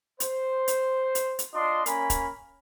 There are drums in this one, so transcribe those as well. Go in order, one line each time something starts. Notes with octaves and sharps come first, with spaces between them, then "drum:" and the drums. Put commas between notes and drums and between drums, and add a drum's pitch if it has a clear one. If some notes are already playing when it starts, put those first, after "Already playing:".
C5, drum: hi-hat
drum: hi-hat
drum: hi-hat
drum: hi-hat
D4 F4 D#5 C6
A#3 C#4 A#4 G#5 B5, drum: hi-hat
drum: kick, hi-hat